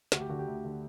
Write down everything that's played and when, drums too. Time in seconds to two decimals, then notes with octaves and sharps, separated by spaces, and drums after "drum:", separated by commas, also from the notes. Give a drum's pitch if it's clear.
0.12 D2 F#4, drum: snare
0.20 G4
0.29 D3 F#4
0.39 G4
0.47 D2
0.64 D3